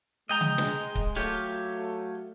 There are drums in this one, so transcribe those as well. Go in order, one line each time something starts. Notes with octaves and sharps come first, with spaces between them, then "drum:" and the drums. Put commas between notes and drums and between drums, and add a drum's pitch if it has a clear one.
G#3 D#5 G5 A#5
drum: tom C#3
drum: snare
drum: kick C#1
F#3 A3 F4 G4 C#5, drum: hi-hat